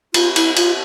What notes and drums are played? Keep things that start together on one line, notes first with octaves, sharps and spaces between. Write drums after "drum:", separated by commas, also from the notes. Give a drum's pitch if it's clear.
F4, drum: cymbal
E4, drum: cymbal
F4, drum: cymbal